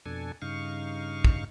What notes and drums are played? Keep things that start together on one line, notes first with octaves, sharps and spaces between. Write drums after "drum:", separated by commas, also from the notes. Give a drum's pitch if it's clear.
F2 B2 D4 A4 G#5
G2 C#3 D#4 F5 C#6
drum: kick